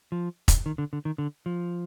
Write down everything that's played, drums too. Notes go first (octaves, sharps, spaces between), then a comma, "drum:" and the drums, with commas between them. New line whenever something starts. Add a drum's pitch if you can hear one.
F3
drum: kick, hi-hat
D#3
D3
D3
D#3
D3
F3